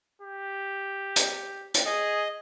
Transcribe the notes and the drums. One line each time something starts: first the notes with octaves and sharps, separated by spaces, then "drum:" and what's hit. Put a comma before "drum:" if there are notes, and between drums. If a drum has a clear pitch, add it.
G4
drum: hi-hat
drum: hi-hat
G#4 D#5